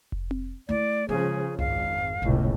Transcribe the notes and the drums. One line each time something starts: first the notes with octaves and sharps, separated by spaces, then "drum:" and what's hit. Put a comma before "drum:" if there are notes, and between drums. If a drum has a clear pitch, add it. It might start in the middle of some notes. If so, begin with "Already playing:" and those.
drum: kick F1
drum: tom C4
A3 E4 D5
C#3 F3 G#3 G#4
G#1 F2 F5, drum: tom C2
G1 C#2 A2 C3 D#3, drum: kick F1